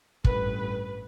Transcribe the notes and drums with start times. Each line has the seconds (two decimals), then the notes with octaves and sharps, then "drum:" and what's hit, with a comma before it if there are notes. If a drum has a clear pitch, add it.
0.24 A1 G2 B4, drum: kick